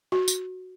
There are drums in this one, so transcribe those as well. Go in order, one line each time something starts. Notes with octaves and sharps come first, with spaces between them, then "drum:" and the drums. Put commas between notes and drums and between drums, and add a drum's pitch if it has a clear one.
F#4
drum: tambourine